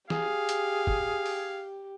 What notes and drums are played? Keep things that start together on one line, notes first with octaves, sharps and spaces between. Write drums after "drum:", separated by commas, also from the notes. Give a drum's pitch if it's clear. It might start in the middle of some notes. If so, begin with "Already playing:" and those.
G4 G#4 F5, drum: snare
drum: hi-hat
drum: kick
drum: open hi-hat